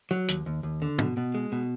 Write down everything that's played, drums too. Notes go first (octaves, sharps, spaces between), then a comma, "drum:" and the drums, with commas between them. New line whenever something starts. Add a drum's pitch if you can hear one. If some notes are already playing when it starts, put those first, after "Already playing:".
F#3
D#2, drum: hi-hat
D#2
D#2
D3
B2, drum: tom
B2
G#3
B2